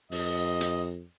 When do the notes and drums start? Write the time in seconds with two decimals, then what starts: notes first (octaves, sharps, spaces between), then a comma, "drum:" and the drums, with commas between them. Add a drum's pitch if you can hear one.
0.12 F2 D#5, drum: open hi-hat
0.61 drum: hi-hat